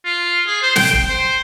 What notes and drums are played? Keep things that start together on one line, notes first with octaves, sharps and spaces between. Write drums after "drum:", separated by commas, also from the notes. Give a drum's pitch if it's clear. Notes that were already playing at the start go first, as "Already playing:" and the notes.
F4
G#4
C5
G5, drum: snare
drum: kick
C5